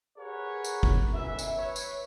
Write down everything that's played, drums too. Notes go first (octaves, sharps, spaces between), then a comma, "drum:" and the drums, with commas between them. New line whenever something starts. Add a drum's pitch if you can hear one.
G4 G#4 A#4 B4 C#5 F#5
drum: tambourine
drum: kick G1
B1 F#2 E3 E5
drum: tambourine
B4 C#5
drum: tambourine